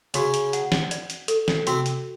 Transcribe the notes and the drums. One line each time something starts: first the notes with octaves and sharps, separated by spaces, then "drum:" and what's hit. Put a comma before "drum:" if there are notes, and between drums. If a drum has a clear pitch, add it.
C#3 C#4 F#4, drum: hi-hat
drum: hi-hat
F#5, drum: hi-hat
drum: snare
D5, drum: hi-hat
drum: hi-hat
A4, drum: hi-hat
drum: snare
C3 C4 F#4, drum: hi-hat
drum: hi-hat